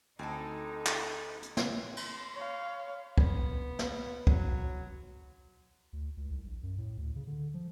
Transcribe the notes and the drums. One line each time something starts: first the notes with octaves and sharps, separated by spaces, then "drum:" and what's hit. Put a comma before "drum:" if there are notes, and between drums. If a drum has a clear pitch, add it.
D2 C4 D#4 A4
drum: clap
drum: hi-hat
drum: snare
drum: cymbal
C#5 F5
B3, drum: kick
drum: snare
F#3, drum: kick
D2
C#2
C2
A#1
F#2
A2
D2
C#3
D3
F3